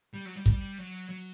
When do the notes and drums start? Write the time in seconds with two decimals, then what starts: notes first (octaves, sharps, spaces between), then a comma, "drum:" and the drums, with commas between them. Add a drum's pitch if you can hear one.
0.14 G3
0.25 F#3
0.36 G3
0.46 drum: kick
0.78 F#3
1.09 F#3